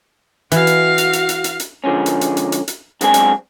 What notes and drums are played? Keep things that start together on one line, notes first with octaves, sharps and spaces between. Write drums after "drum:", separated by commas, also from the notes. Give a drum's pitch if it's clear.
E3 F#4 F5, drum: hi-hat
drum: hi-hat
drum: hi-hat
drum: hi-hat
drum: hi-hat
drum: hi-hat
drum: hi-hat
D3 F3 G#3 C#4
drum: hi-hat
drum: hi-hat
drum: hi-hat
drum: hi-hat
drum: hi-hat
F#2 G#3 C4 D4 G#5, drum: hi-hat
drum: hi-hat